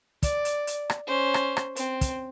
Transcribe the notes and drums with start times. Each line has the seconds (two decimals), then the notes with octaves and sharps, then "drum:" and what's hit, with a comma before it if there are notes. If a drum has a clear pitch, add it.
0.23 D5, drum: kick, hi-hat
0.45 drum: hi-hat
0.67 drum: hi-hat
0.90 drum: rim click
1.07 C#4 C5
1.34 drum: rim click
1.57 drum: rim click
1.76 C4, drum: hi-hat
2.01 drum: kick, hi-hat